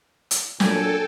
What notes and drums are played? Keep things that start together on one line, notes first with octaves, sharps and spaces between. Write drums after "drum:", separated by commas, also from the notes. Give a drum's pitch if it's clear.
drum: hi-hat
A#2 F#3 D4 A4 G5 G#5, drum: snare